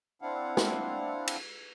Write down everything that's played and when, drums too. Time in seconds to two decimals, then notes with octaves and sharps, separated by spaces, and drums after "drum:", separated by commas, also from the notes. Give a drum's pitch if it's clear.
0.22 C4 D4 E4 F5 F#5
0.57 drum: snare
1.27 drum: cymbal